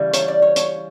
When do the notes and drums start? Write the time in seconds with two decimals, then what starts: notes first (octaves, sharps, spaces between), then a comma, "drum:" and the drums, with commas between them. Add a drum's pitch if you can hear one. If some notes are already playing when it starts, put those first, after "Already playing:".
Already playing: C#3 E3 G3
0.14 C#5, drum: hi-hat
0.28 D5
0.42 C#5
0.56 C#5, drum: hi-hat